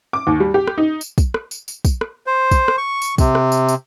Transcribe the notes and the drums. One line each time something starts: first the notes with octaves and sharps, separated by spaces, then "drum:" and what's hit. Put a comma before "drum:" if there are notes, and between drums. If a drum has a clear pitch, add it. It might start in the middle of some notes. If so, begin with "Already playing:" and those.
D6
D#2
G3
G4
drum: rim click
D#4
drum: tambourine
drum: kick, tambourine
drum: rim click
drum: tambourine
drum: tambourine
drum: kick, tambourine
drum: rim click
C5
drum: kick, tambourine
drum: rim click
C#6
drum: tambourine
C3, drum: kick, tambourine
drum: rim click
drum: tambourine
drum: tambourine